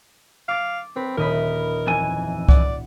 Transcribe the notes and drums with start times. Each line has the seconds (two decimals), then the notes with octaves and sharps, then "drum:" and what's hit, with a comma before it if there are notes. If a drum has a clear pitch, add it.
0.48 F5 D6 A6 D7
0.96 C4 B4
1.17 D#1 A#4 D#5 B5
1.87 F2 E3 G#5
2.49 D5 F#5, drum: kick C2